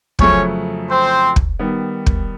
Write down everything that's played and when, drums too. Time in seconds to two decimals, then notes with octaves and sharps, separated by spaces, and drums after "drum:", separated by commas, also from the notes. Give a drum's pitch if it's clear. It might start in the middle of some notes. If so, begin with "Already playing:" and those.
0.19 F2 C#3 F#3 A3 C#4 C#5, drum: kick
0.89 C4 C5
1.36 drum: kick
1.59 D#3 G3 B3
2.06 drum: kick